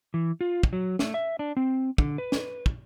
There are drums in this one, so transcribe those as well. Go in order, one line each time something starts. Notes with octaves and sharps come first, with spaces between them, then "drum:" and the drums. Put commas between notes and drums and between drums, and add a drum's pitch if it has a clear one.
E3
F4
drum: kick
F#3
A3, drum: snare
E5
D4
C4
D3, drum: kick
B4
drum: snare
drum: kick